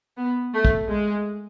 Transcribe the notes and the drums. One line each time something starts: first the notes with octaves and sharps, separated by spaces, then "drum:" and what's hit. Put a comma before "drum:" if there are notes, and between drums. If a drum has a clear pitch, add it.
B3
A3
drum: kick
G#3